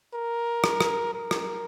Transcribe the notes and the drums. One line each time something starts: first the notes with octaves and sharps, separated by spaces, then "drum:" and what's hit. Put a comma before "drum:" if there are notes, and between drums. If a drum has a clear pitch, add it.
A#4
drum: rim click
drum: rim click
A#4
drum: rim click